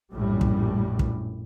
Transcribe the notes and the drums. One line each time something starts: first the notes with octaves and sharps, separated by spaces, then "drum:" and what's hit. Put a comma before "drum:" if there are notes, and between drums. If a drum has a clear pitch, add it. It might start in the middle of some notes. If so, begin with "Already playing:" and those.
A#1 F#2 A2 G3
drum: kick
drum: kick